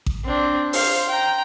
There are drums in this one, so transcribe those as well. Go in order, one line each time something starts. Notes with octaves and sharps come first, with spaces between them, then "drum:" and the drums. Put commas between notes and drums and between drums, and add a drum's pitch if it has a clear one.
drum: kick A1
C4 D4
C5 F5, drum: open hi-hat
G5 A#5